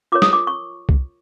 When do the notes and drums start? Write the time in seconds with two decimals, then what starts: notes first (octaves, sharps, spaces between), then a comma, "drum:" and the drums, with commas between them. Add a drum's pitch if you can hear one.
0.12 F4 A#4 C#5 D6
0.22 D#6, drum: snare
0.33 D6
0.47 C#6
0.89 drum: kick C2